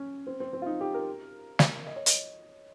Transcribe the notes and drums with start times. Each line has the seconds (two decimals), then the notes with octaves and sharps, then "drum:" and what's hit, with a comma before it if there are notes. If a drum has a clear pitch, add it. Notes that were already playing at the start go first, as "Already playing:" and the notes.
Already playing: C#4
0.27 C4
0.40 C4
0.53 C4
0.62 F4
0.66 D#4
0.81 G4
0.94 A#4
1.59 drum: snare
1.87 D#5
1.96 C#5
2.06 D#5, drum: hi-hat